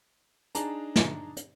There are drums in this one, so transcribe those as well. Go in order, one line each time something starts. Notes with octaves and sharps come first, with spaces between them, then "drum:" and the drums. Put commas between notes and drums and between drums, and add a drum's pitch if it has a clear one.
D4 D#4 G#4 A5 A#5, drum: hi-hat
drum: snare
drum: hi-hat